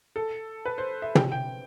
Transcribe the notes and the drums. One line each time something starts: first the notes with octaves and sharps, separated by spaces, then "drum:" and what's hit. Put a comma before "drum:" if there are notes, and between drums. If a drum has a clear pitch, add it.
A4
B4
C5
E5
G5, drum: tom
G5